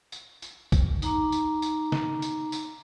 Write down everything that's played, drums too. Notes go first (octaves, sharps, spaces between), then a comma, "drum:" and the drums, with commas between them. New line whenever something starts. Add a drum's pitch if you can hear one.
drum: tambourine
drum: tambourine
drum: kick, tambourine
D#4 A#5 D6, drum: tambourine
drum: tambourine
drum: tambourine
drum: snare
drum: tambourine
drum: tambourine